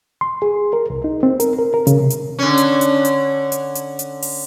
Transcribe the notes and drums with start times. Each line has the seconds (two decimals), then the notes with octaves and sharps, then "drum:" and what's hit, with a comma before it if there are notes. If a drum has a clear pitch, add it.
0.21 C6
0.42 G#4
0.73 A#4
0.90 C2
1.04 D#4
1.23 C4
1.40 A#4, drum: hi-hat
1.58 A#4
1.74 A#4
1.87 C#3, drum: hi-hat
2.00 C3
2.10 drum: hi-hat
2.39 D3 C#4
2.57 drum: hi-hat
2.81 drum: hi-hat
3.05 drum: hi-hat
3.52 drum: hi-hat
3.75 drum: hi-hat
3.99 drum: hi-hat
4.22 drum: open hi-hat